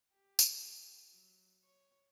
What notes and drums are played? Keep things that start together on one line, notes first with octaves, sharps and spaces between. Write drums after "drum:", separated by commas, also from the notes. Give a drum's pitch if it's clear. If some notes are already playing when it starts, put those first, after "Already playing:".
G4
drum: tambourine
F#3
C#5